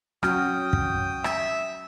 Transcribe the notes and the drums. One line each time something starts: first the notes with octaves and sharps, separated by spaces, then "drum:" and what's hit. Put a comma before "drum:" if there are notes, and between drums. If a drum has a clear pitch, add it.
F#3 C#4 F#4 G5 D#6 F6, drum: rim click
drum: kick
E5, drum: rim click